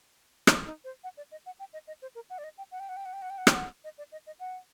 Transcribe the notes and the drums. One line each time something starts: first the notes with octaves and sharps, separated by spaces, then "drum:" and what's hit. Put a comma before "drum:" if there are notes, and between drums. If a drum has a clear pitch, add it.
D#4, drum: rim click
D#4
C5
F#5
D5
D#5
F#5
G5
D#5
D#5
C5
A#4
F#5
D5
D#5
G5
F#5
G5
F#5
G5
F#5
G5
F#5
G5
F#5
G5, drum: rim click
F#5
D#5
D5
D#5
D#5
F#5